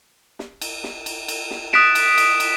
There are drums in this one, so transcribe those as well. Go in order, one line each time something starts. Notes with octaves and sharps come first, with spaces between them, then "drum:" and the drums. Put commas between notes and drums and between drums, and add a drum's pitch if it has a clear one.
drum: snare
drum: cymbal
drum: snare
drum: cymbal
drum: cymbal
drum: snare
D#6 F#6 A6 B6 D7 E7, drum: snare
drum: cymbal
drum: cymbal
drum: cymbal